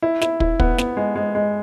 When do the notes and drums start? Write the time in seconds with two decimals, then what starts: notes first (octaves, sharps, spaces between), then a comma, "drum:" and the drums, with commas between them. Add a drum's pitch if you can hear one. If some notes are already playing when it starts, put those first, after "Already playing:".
0.02 E4
0.21 E4, drum: snare
0.40 E4, drum: kick
0.60 B3, drum: kick
0.78 B3, drum: snare
0.97 G#3
1.16 G#3
1.35 G#3